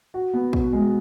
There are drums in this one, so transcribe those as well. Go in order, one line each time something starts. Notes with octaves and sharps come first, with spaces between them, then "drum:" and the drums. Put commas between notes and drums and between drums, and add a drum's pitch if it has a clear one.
F#4
B3
B2, drum: kick
G#3